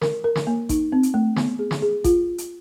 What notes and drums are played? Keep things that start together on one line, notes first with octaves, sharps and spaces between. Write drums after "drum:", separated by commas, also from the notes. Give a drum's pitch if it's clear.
A#4, drum: snare
A#4
drum: snare
A#3
D#4, drum: kick A1, hi-hat
C4
drum: hi-hat
A3
B3, drum: snare
G#4
drum: snare
G#4
F4, drum: kick A1, hi-hat
drum: hi-hat